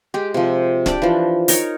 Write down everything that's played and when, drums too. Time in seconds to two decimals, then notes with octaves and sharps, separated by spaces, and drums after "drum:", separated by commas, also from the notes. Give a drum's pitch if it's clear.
0.14 G#3 G4
0.34 C3 F3
0.86 D4 G4 D5, drum: snare
1.02 E3 F3
1.48 D#4 A#4 C#5, drum: open hi-hat